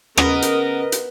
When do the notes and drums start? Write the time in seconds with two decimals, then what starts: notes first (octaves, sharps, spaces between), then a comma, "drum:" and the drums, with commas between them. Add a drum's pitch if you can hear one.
0.17 C#3 B3 A#4 D#5, drum: rim click
0.42 drum: hi-hat
0.92 drum: hi-hat